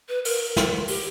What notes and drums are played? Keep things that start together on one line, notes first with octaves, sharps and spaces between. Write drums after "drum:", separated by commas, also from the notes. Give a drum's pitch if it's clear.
B4
A#4, drum: open hi-hat
drum: snare
G4, drum: open hi-hat